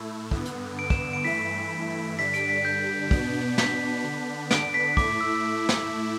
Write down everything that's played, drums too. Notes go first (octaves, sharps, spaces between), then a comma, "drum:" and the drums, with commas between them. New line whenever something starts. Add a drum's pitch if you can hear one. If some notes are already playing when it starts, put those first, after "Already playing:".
Already playing: A2 A3 E4
G2 D3 B3, drum: kick
drum: hi-hat
D7
E7, drum: kick
D7
G2 E3 A3 E4 B6
G2 D3 G3 D4 B6
D7, drum: hi-hat
B6
G6
B2 B3 D4, drum: kick
B6, drum: snare
D3 B3 D4
D7, drum: snare
B6
A2 A3 E4 D6, drum: kick
E6
drum: snare